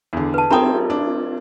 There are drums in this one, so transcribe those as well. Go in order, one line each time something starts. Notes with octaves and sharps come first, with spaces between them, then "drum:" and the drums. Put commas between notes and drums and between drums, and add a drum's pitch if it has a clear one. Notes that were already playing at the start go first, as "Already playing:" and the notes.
E2 D3
B4 A5
C4 G5 A#5 B5 D#6, drum: cymbal
D4